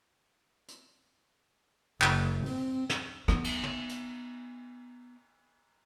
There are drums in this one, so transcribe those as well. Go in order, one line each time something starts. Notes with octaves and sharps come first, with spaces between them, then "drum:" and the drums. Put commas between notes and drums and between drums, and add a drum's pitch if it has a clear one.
drum: hi-hat
F#1, drum: clap
C4, drum: open hi-hat
drum: snare
B3 D#4, drum: rim click
drum: cymbal
drum: tom
drum: hi-hat